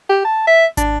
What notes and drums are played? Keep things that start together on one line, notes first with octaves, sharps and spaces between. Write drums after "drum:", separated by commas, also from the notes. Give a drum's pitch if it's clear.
G4
A5
E5
D4, drum: kick, hi-hat